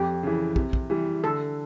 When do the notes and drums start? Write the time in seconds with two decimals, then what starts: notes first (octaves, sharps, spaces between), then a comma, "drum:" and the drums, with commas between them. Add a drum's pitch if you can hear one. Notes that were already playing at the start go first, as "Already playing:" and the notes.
Already playing: F2 G4
0.23 C#3 E3
0.56 C3, drum: kick
0.73 drum: kick
0.90 E3 G3
1.24 D3 A4